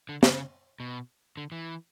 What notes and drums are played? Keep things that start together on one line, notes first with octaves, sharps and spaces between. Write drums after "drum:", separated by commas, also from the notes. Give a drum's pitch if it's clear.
D3
C#3, drum: snare
B2
D3
E3